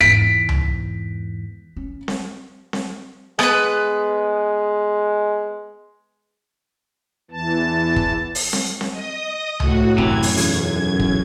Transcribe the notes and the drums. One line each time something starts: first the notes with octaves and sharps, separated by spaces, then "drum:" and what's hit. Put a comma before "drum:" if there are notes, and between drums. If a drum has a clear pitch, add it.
E2 G#2 B6 D7
drum: tom C#2
C#4
drum: snare C4
drum: snare C4
G#3 B3 B4, drum: rim click
E2 E3 A5
drum: kick
drum: open hi-hat
drum: snare C4
drum: snare C4
D#5 D#6
A2 F#4, drum: tom C#2
F#2 C3 E3 G#6, drum: kick
drum: open hi-hat
B1 E2, drum: hi-hat
drum: kick